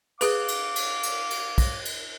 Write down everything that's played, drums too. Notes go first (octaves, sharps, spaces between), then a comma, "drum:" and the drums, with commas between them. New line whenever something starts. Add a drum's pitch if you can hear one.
G#4 B4 F5 D6, drum: cymbal
drum: cymbal
drum: cymbal
drum: cymbal
drum: cymbal
drum: kick, cymbal
drum: cymbal